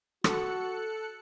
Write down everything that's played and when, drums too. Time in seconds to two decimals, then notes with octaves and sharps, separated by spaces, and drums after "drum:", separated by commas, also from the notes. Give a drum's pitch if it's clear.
0.24 F#4 A4 F#6 C#7, drum: rim click